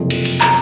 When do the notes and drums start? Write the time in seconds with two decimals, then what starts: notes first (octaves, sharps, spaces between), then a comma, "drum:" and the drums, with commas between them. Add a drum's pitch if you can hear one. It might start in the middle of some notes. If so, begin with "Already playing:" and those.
Already playing: F#1 F2 C3
0.10 drum: cymbal
0.25 drum: cymbal
0.41 A#5, drum: clap